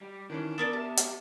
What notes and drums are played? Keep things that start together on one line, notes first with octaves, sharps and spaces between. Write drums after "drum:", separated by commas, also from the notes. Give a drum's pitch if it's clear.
G3
D#3 E3 C#4 D4
B3 A4 A#4 D5 D#6 E7
G4 E5 A5
drum: hi-hat